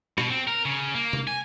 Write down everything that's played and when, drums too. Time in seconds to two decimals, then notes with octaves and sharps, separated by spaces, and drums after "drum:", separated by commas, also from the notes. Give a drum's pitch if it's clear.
0.18 B2, drum: rim click
0.30 C4
0.47 A#4
0.65 C#3
0.95 A#3
1.13 drum: tom C3
1.28 G#5